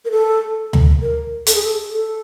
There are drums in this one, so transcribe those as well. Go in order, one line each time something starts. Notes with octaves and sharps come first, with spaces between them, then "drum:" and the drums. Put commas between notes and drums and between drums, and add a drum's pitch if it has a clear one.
A#4
A4
drum: tom D2
A#4
A4, drum: hi-hat
G#4
A4
A4